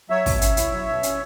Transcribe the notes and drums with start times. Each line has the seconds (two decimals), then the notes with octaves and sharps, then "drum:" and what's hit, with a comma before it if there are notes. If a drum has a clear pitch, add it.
0.10 F#3 C#5 E5
0.26 B2, drum: kick, open hi-hat
0.41 C#4, drum: hi-hat
0.57 E4, drum: hi-hat
0.72 F#3
0.88 B2
1.03 C#4, drum: hi-hat